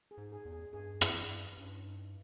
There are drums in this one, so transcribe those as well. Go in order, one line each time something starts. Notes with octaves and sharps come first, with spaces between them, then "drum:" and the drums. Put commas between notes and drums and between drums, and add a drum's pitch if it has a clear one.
G#4
G#2
G#4
E2
G#4
G2 G#4
G4, drum: rim click
E4
G2 C#4
D#4